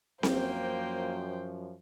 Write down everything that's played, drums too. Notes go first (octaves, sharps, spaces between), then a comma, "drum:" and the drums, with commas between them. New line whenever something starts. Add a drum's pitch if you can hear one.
F#2 F3 A#3 C5 G5, drum: snare C4